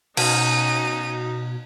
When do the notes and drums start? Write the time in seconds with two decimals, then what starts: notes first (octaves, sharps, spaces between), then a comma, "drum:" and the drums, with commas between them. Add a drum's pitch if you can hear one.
0.17 B2 C#4 D#4 D#7, drum: cymbal